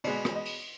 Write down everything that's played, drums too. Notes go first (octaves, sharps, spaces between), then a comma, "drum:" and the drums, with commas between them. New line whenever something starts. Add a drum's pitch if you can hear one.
B2 G#3 B3 D5, drum: cymbal
drum: rim click
D#5
drum: cymbal